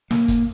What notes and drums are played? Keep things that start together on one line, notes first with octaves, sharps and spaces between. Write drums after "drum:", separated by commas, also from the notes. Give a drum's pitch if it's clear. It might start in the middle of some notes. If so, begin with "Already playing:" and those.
A#3, drum: snare
drum: kick, hi-hat